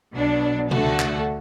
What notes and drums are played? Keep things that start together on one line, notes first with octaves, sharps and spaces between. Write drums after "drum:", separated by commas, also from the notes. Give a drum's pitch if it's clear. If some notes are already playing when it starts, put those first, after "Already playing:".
B1 B2 F#3 D4
D2 D3 A3 F#4 A4, drum: tom C3
drum: clap